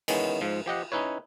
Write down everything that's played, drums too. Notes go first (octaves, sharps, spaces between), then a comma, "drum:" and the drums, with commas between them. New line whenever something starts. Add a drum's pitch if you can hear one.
D#3 E3 G#3 B3 C#4, drum: cymbal
G#2 F3
F3 G4 D#5 F#5
C#4 D#4 E4 B4 C#5